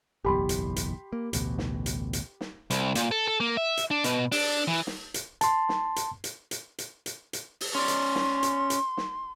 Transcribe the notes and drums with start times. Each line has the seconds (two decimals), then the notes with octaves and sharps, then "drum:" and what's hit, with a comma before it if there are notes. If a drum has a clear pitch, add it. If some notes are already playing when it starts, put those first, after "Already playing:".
0.25 F#1 B1 E2 G4 B5 C6
0.49 drum: hi-hat
0.76 drum: hi-hat
1.13 A#3
1.33 A1 D2 B2, drum: hi-hat
1.59 drum: snare
1.86 drum: hi-hat
2.13 drum: hi-hat
2.41 drum: snare
2.70 C2, drum: hi-hat
2.95 A#2, drum: hi-hat
3.11 A4
3.28 A4
3.40 A#3
3.57 E5
3.77 drum: hi-hat
3.91 D4
4.04 B2, drum: hi-hat
4.32 D4, drum: open hi-hat
4.68 E3
4.87 drum: snare
5.14 drum: hi-hat
5.41 A5 C6, drum: hi-hat
5.69 drum: snare
5.96 drum: hi-hat
6.24 drum: hi-hat
6.51 drum: hi-hat
6.78 drum: hi-hat
7.06 drum: hi-hat
7.33 drum: hi-hat
7.61 drum: open hi-hat
7.75 C#4 D5 C6
7.88 drum: hi-hat
8.15 drum: snare
8.43 drum: hi-hat
8.70 drum: hi-hat
8.97 drum: snare